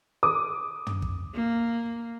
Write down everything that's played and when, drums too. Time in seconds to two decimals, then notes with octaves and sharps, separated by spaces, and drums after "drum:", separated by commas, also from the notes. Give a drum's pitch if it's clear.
0.23 D6 D#6
0.87 drum: tom
1.02 drum: kick
1.34 A#3